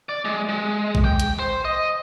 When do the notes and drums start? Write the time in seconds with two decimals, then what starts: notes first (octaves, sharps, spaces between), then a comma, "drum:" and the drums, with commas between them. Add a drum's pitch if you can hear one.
0.09 D5
0.25 G#3
0.49 G#3
0.95 drum: kick
1.04 G5
1.20 drum: hi-hat
1.39 C5
1.65 D#5